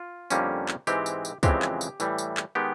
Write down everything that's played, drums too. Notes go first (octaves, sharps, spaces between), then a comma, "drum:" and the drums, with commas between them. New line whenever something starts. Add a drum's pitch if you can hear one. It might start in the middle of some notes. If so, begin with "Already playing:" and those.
Already playing: F4
F2 D3 G3 A#3 C#4, drum: tambourine
drum: clap
G#2 E3 G#3 C4 G4, drum: tambourine
drum: tambourine
drum: tambourine
F2 C#3 E3 G#3 C4 G4, drum: kick, tambourine
drum: clap
drum: tambourine
A2 E3 G3, drum: tambourine
drum: tambourine
drum: clap
D#3 G#3 B3 G4